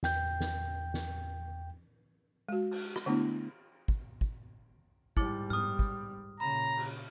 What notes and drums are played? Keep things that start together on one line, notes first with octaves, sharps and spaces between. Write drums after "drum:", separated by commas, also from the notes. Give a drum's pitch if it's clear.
E2 G5 G6, drum: snare
drum: snare
drum: snare
G#3 F#4
drum: cymbal
drum: rim click
D3 A3 B3 D4 E4
drum: kick
drum: kick
G#2 G3 E4 D6, drum: kick
D#6 F6, drum: tom G#2
drum: kick
A#2 C#3 A#5 B5
drum: cymbal